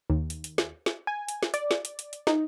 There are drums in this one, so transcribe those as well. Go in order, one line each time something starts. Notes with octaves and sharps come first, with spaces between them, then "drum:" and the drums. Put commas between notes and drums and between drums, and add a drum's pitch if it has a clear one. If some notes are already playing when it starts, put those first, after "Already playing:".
D#2
drum: hi-hat
drum: hi-hat
drum: snare
drum: snare
G#5
drum: hi-hat
drum: snare
D5, drum: hi-hat
drum: snare
drum: hi-hat
drum: hi-hat
drum: hi-hat
D#4, drum: snare